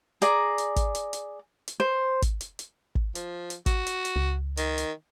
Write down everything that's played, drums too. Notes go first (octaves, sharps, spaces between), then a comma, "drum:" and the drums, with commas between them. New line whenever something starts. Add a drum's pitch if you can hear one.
G#4 D5 A#5, drum: hi-hat
drum: hi-hat
drum: kick, hi-hat
drum: hi-hat
drum: hi-hat
drum: hi-hat
C5
drum: kick, hi-hat
drum: hi-hat
drum: hi-hat
drum: kick
F3, drum: hi-hat
drum: hi-hat
F#4, drum: kick, hi-hat
drum: hi-hat
drum: hi-hat
C#2
D#3, drum: hi-hat
drum: hi-hat